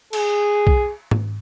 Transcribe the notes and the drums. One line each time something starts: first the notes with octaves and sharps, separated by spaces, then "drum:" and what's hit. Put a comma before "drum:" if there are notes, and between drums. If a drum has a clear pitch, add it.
G#4, drum: cymbal
drum: kick B1
drum: tom G#2